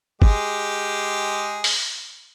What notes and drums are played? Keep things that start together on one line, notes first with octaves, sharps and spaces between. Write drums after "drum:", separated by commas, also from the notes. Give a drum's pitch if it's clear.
G#3 G4 G#4, drum: kick G1
drum: open hi-hat